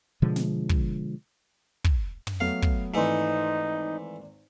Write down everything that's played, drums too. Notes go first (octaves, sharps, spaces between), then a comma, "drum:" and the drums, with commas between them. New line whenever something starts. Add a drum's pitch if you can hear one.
B2 D3 F3 G#3
drum: snare
drum: kick
drum: kick
drum: tom
F#3 A3 B3 F5
drum: kick
G#1 E3 A3 D#4 D5 C6